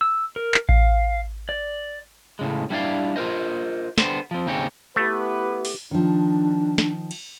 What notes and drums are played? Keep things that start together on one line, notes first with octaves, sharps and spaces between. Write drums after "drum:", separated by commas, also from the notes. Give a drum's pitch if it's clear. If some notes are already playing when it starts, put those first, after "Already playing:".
E6
A#4
drum: clap
F5, drum: kick A1
D5
A2 C#3 G#3
G3 D4 E4 A4 D5 F5
F4 G4 A#4 C5 D#5
D3 G3 B3 C5, drum: snare
F3 C4
D#2 C#3 C4 D#4 G4 C#5
A3 B3 E4 G4 B4
drum: open hi-hat
D#3 F3 D4
drum: snare
drum: cymbal